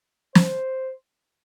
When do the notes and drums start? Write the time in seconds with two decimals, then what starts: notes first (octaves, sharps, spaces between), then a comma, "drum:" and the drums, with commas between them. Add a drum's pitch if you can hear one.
0.35 C5, drum: snare